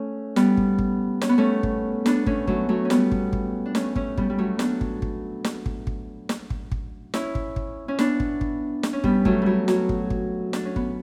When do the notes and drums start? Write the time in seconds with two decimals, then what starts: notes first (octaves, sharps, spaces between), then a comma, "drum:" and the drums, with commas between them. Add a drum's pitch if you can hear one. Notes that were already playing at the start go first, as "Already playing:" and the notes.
Already playing: A3 C#4
0.36 G3 B3, drum: snare
0.57 drum: kick
0.79 drum: kick
1.21 C#4, drum: snare
1.29 B3
1.38 A3 C#4
1.63 drum: kick
2.06 B3 D4, drum: snare
2.26 A3 C#4, drum: kick
2.47 F#3 A3, drum: kick
2.69 F#3 A3
2.85 C#4
2.90 G3 B3, drum: snare
3.12 drum: kick
3.33 drum: kick
3.66 D4
3.75 A3 C#4, drum: snare
3.96 A3 C#4, drum: kick
4.18 G3 B3, drum: kick
4.30 G3
4.38 F#3 A3
4.59 B3 D4, drum: snare
4.81 drum: kick
5.02 drum: kick
5.44 drum: snare
5.66 drum: kick
5.87 drum: kick
6.29 drum: snare
6.50 drum: kick
6.72 drum: kick
7.14 C#4 E4, drum: snare
7.35 drum: kick
7.56 drum: kick
7.88 C#4
7.99 B3 D4, drum: snare
8.20 drum: kick
8.41 drum: kick
8.83 drum: snare
8.93 C#4
9.04 G3 B3, drum: kick
9.25 F#3 A3, drum: kick
9.42 F#3 G3
9.68 F#3, drum: snare
9.89 drum: kick
10.10 drum: kick
10.53 D4, drum: snare
10.65 C#4
10.76 B3, drum: kick